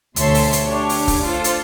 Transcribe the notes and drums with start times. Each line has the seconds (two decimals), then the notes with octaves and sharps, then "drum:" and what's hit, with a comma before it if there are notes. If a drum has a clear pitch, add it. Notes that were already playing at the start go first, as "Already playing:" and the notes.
0.16 D2 B2 A4 C#5 E5 C6, drum: hi-hat
0.34 drum: open hi-hat
0.53 drum: hi-hat
0.63 D4 G4 C#5
0.89 drum: open hi-hat
1.08 drum: kick, open hi-hat
1.22 D4 F4 A4 C5
1.44 drum: hi-hat